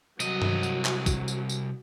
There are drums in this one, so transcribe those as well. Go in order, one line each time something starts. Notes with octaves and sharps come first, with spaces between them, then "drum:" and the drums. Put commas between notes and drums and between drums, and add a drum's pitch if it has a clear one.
C2 F#3 D#5, drum: tambourine
drum: tom G2
drum: tambourine
drum: clap
drum: kick, tambourine
drum: tambourine
drum: tambourine